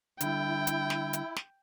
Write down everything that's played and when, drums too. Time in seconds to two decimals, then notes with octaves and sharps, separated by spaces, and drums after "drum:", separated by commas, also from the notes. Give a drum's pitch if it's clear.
0.21 D3 G3 E4 G5, drum: hi-hat
0.67 drum: hi-hat
0.90 drum: snare
1.13 drum: hi-hat
1.36 drum: snare